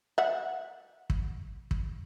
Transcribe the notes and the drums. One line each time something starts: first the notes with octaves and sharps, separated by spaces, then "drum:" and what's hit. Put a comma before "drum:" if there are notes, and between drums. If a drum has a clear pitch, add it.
E5 F#5
drum: kick
drum: kick